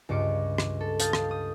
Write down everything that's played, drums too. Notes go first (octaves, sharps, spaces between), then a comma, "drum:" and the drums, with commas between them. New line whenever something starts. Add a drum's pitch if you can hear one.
C#2 G2 F4 D6 C#7
drum: rim click
A4
F5 A5 D#6 G6 A6, drum: hi-hat
drum: rim click
D#6